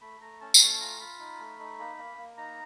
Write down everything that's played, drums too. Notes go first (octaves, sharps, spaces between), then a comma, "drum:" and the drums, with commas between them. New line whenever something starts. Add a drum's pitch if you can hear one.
A3 B5
A3 A#5
C#4 A5
A#5, drum: tambourine
A3 A5
F4 A#5
F4 B5
D#4
A3
D#4
A#3
A#3
A#3
D#4 A#5